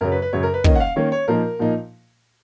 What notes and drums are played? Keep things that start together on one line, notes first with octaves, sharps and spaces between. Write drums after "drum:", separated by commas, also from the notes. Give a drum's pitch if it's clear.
F#2 C#3 F#3 A#4
B4
B4
F#2 C#3 F#3 C#5
A#4
B4
D#3 A#3 C#4 D#5, drum: kick
F#5
F5
D#3 A#3 C#4 C#5
C#5
A#2 F3 A#3 D#4 A#4
A#2 F3 A#3 D#4